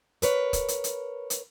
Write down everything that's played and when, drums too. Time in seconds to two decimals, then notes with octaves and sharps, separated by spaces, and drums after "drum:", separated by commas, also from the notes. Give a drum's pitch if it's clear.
0.22 A#4 B4 C#5, drum: hi-hat
0.53 drum: kick, hi-hat
0.68 drum: hi-hat
0.84 drum: hi-hat
1.30 drum: hi-hat